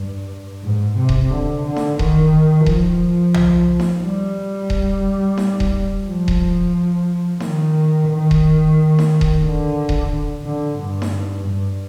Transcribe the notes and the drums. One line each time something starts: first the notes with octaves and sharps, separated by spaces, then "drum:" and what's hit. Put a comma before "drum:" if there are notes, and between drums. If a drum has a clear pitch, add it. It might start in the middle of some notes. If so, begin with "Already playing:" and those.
Already playing: G2
G#2
C3
drum: kick D#1
D3
D3
drum: snare D#4
D#3, drum: kick D#1
F3, drum: kick D#1
drum: tom B1
drum: snare D#4
G3
drum: kick D#1
drum: snare D#4
drum: kick D#1
F3
drum: kick D#1
D#3, drum: snare D#4
D#3
drum: kick D#1
drum: snare D#4
drum: kick D#1
D3
drum: kick D#1
D3
G2
drum: snare D#4
G2